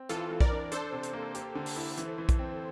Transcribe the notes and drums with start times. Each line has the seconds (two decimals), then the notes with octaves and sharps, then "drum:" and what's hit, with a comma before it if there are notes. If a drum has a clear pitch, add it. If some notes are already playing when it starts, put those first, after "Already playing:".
Already playing: C4
0.09 E3 F4 A4, drum: hi-hat
0.30 E3
0.40 A#4 D5, drum: kick A#1
0.52 D4
0.72 D4 A4 C5, drum: hi-hat
0.92 C3
1.03 drum: hi-hat
1.13 A#3
1.35 G4, drum: hi-hat
1.55 D3
1.66 drum: open hi-hat
1.77 E4
1.97 E3, drum: hi-hat
2.18 E3
2.29 drum: kick A#1, hi-hat
2.39 C4